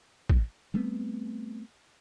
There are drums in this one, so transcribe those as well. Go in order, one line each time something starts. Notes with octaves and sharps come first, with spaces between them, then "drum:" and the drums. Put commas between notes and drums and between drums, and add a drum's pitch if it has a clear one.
drum: kick A1
G3 A3 B3 C4